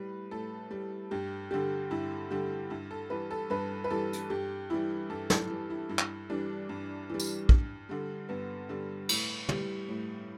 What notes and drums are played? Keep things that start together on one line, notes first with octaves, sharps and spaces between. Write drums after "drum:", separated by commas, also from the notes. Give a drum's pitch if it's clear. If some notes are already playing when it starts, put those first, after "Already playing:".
Already playing: A2 G3 B4
A2 A4
G3
G2 G4
D3 G3 G4
G2 E4
D3 G3 G4
G2 E4
A4
E3 G3 B4
A4
G2 B4
B4
E3 G3 A4
drum: hi-hat
G2 G4
E3 G3 E4
G2 A4
A4, drum: snare
E3 G3
E4
G2 E4
drum: clap
E3 G3 D4
G2
E3 G3
drum: tambourine
G2, drum: kick
D3 G3
G2 B3
D3 G3
A2, drum: cymbal
G3, drum: tom
A2